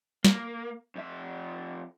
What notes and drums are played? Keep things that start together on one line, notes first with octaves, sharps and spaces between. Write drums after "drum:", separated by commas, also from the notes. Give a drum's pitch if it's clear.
A#3, drum: snare
F2 E5